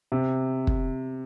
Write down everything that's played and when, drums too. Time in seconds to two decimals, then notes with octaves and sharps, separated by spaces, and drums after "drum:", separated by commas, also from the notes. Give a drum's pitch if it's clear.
0.12 C3
0.67 drum: kick